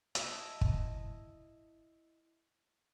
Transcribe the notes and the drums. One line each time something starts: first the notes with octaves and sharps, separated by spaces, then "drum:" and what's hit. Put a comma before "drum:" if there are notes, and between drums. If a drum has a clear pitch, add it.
E4 D#5 A5, drum: hi-hat
drum: kick